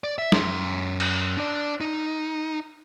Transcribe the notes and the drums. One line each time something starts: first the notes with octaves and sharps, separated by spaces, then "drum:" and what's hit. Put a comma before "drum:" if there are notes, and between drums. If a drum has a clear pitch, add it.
D5
E5
F#2 C6, drum: snare
drum: cymbal
D4 D5
D#4